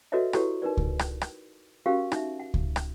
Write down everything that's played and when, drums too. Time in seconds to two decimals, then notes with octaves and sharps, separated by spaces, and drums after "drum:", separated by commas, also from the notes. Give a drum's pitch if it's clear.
0.12 F#4 A4 B4 C#5 D#5 E5
0.33 E4 F#4 G4 A4 B4 C#5, drum: rim click
0.62 D#4 A#4 B4 D5
0.77 drum: kick C#2
0.99 drum: rim click
1.21 drum: rim click
1.86 C#4 F#4 G4 A#4 F5
2.12 D#4 E5, drum: rim click
2.40 F#5
2.54 drum: kick C#2
2.76 drum: rim click